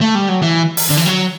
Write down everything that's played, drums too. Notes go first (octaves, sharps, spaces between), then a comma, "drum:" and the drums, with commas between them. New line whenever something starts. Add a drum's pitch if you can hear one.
A3
G3
F#3
E3
drum: open hi-hat
D3
E3
F#3